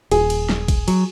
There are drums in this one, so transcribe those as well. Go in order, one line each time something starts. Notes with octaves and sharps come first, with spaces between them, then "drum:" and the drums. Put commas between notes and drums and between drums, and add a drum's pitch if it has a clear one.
D#1 G#4, drum: cymbal
drum: cymbal
drum: snare
drum: kick A1, cymbal
F#3, drum: cymbal